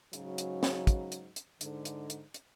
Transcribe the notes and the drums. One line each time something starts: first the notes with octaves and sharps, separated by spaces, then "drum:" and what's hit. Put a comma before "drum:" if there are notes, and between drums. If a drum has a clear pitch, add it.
G#2 C#3 F#3, drum: hi-hat
drum: hi-hat
drum: snare
drum: kick, hi-hat
drum: hi-hat
drum: hi-hat
G#2 D3, drum: hi-hat
drum: hi-hat
drum: hi-hat
drum: hi-hat